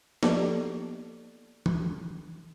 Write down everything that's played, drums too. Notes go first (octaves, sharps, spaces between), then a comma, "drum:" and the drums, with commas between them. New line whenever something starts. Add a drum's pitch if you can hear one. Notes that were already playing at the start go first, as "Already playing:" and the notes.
F3 A#3 B3 G4 A4 D5, drum: snare
drum: tom